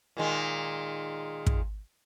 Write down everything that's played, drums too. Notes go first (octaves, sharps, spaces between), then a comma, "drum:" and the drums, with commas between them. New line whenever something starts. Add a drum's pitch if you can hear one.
A#2 D#3 G#3
drum: kick